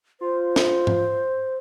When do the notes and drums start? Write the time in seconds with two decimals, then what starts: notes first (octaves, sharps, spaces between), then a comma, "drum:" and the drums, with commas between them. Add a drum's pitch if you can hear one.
0.21 F4 C5
0.56 drum: snare
0.87 drum: tom G#2